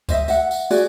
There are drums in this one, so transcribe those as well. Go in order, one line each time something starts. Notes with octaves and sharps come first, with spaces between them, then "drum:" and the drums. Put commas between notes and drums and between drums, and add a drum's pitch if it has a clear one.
C5 D#5 E5, drum: kick C#2, tambourine
E5 F#5, drum: tambourine
drum: tambourine
F#4 G#4 D5, drum: tambourine